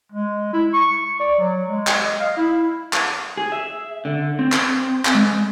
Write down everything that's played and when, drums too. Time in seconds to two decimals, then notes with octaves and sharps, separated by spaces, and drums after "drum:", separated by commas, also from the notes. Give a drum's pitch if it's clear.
0.12 G#3
0.53 E4
0.74 C#6
1.20 D5
1.39 F#3
1.68 G#3
1.87 drum: clap
2.05 D#5
2.21 F5
2.37 E4
2.93 drum: clap
3.37 G#4
3.52 E5
4.05 D3
4.39 C4
4.52 drum: clap
5.05 drum: clap
5.15 G#3